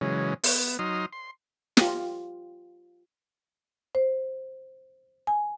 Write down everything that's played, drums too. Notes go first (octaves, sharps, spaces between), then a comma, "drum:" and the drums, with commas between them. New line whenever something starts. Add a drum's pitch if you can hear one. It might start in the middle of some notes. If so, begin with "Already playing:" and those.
C#3 E3 F#3 G#3 C#4
B3, drum: open hi-hat
F#3 D#4 C6 D#6 F6
C6
F4 G4, drum: snare
C5
G#5